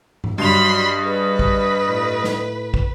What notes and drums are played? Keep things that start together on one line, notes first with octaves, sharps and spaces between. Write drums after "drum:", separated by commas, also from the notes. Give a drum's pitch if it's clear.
drum: tom G#2
G2 F#3 D#5 B5 C6 F7
G#4 B4
drum: kick
A2
drum: snare
drum: kick